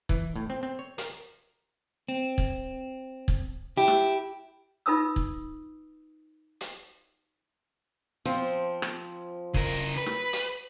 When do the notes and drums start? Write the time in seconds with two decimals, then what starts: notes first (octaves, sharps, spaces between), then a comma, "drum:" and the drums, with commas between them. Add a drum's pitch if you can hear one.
0.09 E3, drum: kick
0.36 A2
0.50 C4
0.63 C4
0.79 C#5
0.98 A#4, drum: hi-hat
2.09 C4
2.38 drum: kick
3.28 drum: kick
3.77 E4 G4
3.88 drum: snare
4.86 D#4 F4 B4 A5 D#6 E6
5.16 drum: kick
6.61 drum: hi-hat
8.25 F3 C4
8.82 drum: rim click
9.54 C#3 A#4, drum: kick
9.97 B4
10.06 drum: snare
10.33 drum: hi-hat